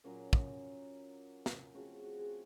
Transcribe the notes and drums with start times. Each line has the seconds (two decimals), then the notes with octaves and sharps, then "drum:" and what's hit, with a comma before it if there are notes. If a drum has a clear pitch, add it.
0.04 A#2 F#3 A#3 C#4
0.33 drum: kick
1.46 drum: snare
1.74 C#3 F3 A3 C4 F#4
2.03 F#4
2.19 G#4